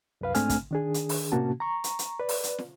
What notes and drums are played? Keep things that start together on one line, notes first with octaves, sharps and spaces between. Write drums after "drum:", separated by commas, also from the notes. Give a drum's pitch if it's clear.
C2 F#2 B4 F5
G#2 A3 C4 D4 G#5 F6, drum: hi-hat
drum: kick, hi-hat
D#3 D4 G#4
drum: hi-hat
drum: open hi-hat
A2 C3 A#3 C#4 F#4 A5
A#5 C#6
drum: hi-hat
drum: hi-hat
B4 D5
drum: open hi-hat
drum: hi-hat
drum: snare